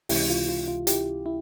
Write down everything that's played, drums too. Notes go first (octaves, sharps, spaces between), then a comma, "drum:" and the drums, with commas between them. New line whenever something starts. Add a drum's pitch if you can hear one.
C#2 C3 E3 G#3 C#4 E4 G4, drum: open hi-hat
F4
F4
F4
E4 G4, drum: hi-hat
E4